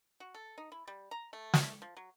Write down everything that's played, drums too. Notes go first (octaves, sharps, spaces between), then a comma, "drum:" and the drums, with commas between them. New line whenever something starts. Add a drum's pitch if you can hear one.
F#4
A4
D#4
E4
G3
A#5
A3
drum: snare
F3
F#3